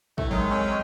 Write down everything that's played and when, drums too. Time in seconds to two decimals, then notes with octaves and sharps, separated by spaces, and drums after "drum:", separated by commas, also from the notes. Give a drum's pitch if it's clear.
0.18 E3 A3, drum: kick
0.31 D#3 F#3 G#3
0.49 C4 C#4